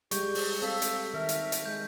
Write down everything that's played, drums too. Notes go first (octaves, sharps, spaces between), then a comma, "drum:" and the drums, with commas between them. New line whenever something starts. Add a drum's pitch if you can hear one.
G3 G#3 G4 C#6 G6, drum: hi-hat
drum: open hi-hat
C4 A4 F5 A5 B6
drum: hi-hat
D#3 A#4 E5
drum: hi-hat
drum: hi-hat
G#3 G6